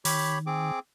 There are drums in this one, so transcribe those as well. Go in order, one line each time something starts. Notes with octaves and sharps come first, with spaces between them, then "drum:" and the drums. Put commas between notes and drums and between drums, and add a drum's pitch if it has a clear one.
D#3 G4 C#5 B5, drum: open hi-hat
C4 G#4 D6